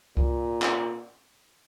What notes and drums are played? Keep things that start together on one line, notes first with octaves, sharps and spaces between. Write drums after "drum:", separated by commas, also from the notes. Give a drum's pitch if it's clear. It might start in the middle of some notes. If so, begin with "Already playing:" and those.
A#2, drum: kick C2
drum: clap